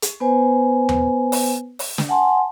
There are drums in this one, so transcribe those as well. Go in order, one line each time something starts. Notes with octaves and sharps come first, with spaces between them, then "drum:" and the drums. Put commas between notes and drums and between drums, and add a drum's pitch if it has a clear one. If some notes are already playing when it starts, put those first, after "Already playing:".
drum: hi-hat
B3 B4 C5 G#5
drum: tom D#2
drum: open hi-hat
drum: open hi-hat
drum: snare
F#5 G#5 A5 C6